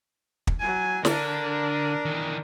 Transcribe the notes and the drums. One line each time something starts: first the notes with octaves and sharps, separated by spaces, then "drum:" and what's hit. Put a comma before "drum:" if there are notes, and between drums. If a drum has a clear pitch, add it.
drum: kick
F#3 G#5
D3 D4 A#4, drum: snare
D#3 E3